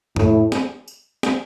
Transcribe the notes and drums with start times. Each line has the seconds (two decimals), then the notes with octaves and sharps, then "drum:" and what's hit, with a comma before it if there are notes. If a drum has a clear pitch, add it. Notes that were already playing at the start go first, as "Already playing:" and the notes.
0.16 A2, drum: tom
0.52 drum: snare
0.88 drum: tambourine
1.23 drum: snare